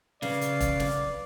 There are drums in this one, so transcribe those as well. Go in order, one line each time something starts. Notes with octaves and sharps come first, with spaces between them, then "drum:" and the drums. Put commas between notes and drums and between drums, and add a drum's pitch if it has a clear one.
C#3 B4 D5 F5, drum: snare
drum: hi-hat
drum: kick E1, hi-hat
drum: snare